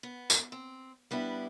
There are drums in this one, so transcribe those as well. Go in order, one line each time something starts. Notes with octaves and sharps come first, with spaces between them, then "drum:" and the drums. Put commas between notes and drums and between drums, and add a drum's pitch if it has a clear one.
B3
drum: tambourine
C4
G3 B3 D4 E4